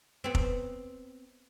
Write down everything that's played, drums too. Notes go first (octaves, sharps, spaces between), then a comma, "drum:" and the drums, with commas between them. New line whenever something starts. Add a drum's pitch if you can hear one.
B3 C4
drum: kick F1